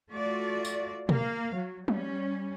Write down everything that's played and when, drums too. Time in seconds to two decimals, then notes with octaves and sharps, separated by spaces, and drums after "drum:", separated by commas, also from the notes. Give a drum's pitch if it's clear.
0.10 A3 F4 F#4 D5
0.65 drum: tambourine
1.09 A#3 F5, drum: tom
1.55 F#3
1.88 G3 C#4, drum: tom